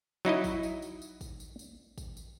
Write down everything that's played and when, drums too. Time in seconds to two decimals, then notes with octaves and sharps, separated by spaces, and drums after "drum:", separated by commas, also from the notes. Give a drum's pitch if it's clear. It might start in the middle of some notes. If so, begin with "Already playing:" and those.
0.25 F#3 D#4 E4 D#5, drum: tambourine
0.44 drum: kick, tambourine
0.63 drum: tambourine
0.82 drum: tambourine
1.02 drum: tambourine
1.21 drum: kick, tambourine
1.40 drum: tambourine
1.59 drum: tambourine
1.98 drum: kick, tambourine
2.17 drum: tambourine